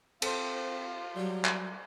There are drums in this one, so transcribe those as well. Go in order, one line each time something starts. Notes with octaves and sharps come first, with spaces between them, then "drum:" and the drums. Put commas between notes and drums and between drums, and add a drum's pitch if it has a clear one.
C4 F4 A4 C5, drum: cymbal
F#3 G3 G4 C#5
drum: clap